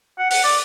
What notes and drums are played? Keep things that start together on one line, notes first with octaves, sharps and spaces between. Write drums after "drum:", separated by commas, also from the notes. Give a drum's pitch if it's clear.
F#5
F#5, drum: open hi-hat
D5